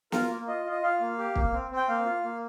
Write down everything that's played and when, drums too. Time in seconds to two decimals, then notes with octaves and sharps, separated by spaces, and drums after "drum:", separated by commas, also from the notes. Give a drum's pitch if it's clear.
0.12 F4 A#4, drum: snare
0.30 A#3
0.47 F4 D#5
0.65 F4
0.71 D#5
0.82 F4 F5
1.00 A#3
1.19 G4
1.36 A#3, drum: kick
1.53 C4
1.71 C4
1.76 G5
1.89 A#3 F5
2.06 F4
2.24 A#3